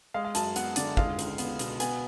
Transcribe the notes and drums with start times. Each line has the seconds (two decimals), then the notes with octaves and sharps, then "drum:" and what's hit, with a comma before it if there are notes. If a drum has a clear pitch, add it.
0.14 G#3 F5
0.24 F5
0.35 F#2 A5, drum: hi-hat
0.56 B3 F#5, drum: hi-hat
0.76 D3 D5, drum: hi-hat
0.97 G#3 F5, drum: kick
1.19 C#2, drum: hi-hat
1.38 B3, drum: hi-hat
1.59 B2, drum: hi-hat
1.80 B3 G#5, drum: hi-hat